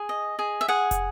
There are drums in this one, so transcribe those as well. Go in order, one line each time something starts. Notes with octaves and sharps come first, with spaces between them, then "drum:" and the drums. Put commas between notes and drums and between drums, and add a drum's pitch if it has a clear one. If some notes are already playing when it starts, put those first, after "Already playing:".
Already playing: G#4
D#5
G#4
E5
G#4 F#5
drum: kick, hi-hat